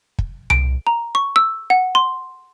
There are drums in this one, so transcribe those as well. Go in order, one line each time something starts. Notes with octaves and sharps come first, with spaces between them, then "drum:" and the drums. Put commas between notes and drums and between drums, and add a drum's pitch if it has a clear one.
drum: kick
D7, drum: tom C2
A#5
C#6
E6
F#5
C6